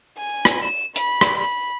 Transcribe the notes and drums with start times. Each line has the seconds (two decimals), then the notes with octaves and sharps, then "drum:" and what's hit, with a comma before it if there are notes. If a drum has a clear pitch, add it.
0.18 G#5
0.45 drum: rim click
0.64 E7
0.96 B5, drum: hi-hat
1.21 drum: rim click
1.38 B5